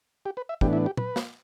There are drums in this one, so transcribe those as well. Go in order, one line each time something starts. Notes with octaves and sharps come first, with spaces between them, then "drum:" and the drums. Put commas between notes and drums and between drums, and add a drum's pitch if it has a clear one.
G4
B4
E5
A2 E3 B3 D4 G4, drum: kick
E4
G4
B4, drum: tom
drum: snare